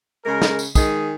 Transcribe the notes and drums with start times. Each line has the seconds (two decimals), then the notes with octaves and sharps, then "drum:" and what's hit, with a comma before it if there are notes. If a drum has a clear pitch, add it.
0.24 C#3 G#3 A#4
0.42 drum: snare
0.59 drum: tambourine
0.75 D#3 G#3 G#4, drum: kick, tambourine